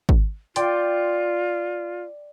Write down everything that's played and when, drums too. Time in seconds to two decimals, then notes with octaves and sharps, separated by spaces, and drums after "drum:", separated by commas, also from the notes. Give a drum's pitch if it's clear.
0.09 drum: kick G#1
0.56 F4 D5 G5 C6, drum: hi-hat